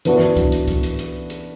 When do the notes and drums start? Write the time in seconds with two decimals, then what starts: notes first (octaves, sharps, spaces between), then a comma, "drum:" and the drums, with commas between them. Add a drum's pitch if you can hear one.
0.05 E3 B3 D4 F#4, drum: hi-hat
0.21 drum: hi-hat
0.36 drum: kick C2, hi-hat
0.52 drum: hi-hat
0.68 drum: kick C2, hi-hat
0.83 drum: hi-hat
0.99 drum: hi-hat
1.30 drum: hi-hat